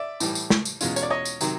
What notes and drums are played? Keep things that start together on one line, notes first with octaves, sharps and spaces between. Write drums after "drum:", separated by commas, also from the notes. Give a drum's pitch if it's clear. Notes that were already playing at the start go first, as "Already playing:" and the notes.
Already playing: D5 E5
A2 E3 G3, drum: tambourine
drum: tambourine
drum: snare
drum: tambourine
E2 B2 G#3 C#4 F4, drum: tambourine
C#5, drum: tambourine
D5
C#5 D#5
drum: tambourine
C3 D#3 F#3, drum: tambourine